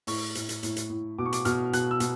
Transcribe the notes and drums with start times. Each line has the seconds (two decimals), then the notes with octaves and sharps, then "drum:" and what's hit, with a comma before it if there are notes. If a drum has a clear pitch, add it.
0.07 A2 C#6, drum: open hi-hat
0.35 A2, drum: hi-hat
0.49 drum: hi-hat
0.63 A2, drum: hi-hat
0.76 drum: hi-hat
0.90 A2
1.18 B2 D6
1.25 C#6
1.33 D6, drum: hi-hat
1.45 B2 F6, drum: hi-hat
1.73 B2 F#6, drum: hi-hat
1.91 E6
2.00 B2, drum: hi-hat